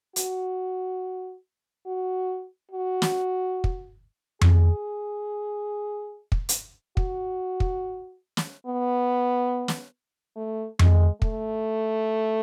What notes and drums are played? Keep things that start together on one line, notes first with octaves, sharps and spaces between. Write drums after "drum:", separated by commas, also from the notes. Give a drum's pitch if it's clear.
F#4, drum: hi-hat
F#4
F#4
drum: snare
drum: kick
G#4, drum: tom F2
drum: kick
drum: hi-hat
F#4, drum: kick
drum: kick
drum: snare
B3
drum: snare
A3
G#3, drum: tom F2
A3, drum: kick